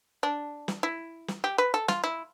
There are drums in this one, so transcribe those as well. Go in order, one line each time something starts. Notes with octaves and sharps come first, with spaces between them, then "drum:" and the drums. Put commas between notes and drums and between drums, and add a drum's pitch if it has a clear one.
D4
drum: snare
E4
drum: snare
G4
B4
A4
F4, drum: snare
E4